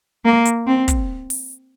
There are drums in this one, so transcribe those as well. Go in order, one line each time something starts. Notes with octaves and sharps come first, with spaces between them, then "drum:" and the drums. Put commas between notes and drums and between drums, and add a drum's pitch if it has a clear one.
A#3
drum: hi-hat
C4
drum: kick, hi-hat
drum: open hi-hat